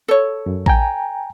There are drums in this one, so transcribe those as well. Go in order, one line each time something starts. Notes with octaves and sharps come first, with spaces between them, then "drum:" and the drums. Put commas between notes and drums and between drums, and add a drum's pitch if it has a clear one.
A4 C#5
F#2
G5 G#5 A#5, drum: kick A1